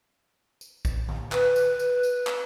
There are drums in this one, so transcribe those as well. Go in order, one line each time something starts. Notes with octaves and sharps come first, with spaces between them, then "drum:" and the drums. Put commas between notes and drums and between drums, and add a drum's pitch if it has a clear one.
drum: tambourine
drum: kick A#1, tambourine
drum: tom D3
B4, drum: clap
drum: tambourine
drum: tambourine
drum: tambourine
drum: clap